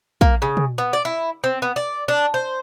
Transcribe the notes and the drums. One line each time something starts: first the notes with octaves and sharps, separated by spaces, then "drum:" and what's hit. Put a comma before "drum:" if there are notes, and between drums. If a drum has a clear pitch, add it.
A#3, drum: kick
C#3
drum: tom
B3
D5
E4
C4
B3
D5
D4
C5